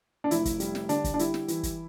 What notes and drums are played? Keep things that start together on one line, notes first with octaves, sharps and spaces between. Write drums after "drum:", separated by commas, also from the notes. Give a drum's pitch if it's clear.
D4
F1 E4, drum: hi-hat
drum: kick, hi-hat
G3, drum: hi-hat
drum: snare
D3 D4, drum: hi-hat
drum: kick, hi-hat
D4
G3 E4, drum: hi-hat
drum: snare
E3, drum: hi-hat
drum: kick, hi-hat